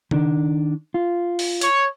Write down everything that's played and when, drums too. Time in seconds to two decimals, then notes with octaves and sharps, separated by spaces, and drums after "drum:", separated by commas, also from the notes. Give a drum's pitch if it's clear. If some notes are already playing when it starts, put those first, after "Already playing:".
0.11 D#3 D4, drum: tom C#3
0.94 F4
1.39 drum: open hi-hat
1.61 C#5, drum: hi-hat